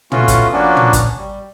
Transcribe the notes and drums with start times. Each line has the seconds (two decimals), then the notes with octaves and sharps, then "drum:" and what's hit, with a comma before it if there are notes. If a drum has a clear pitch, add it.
0.12 A3 B3 C#4 F4 F#4, drum: tom
0.28 drum: kick, hi-hat
0.53 F3 A#3 B3 C#4 D4 F#4
0.77 drum: tom
0.93 drum: kick, hi-hat
1.18 G3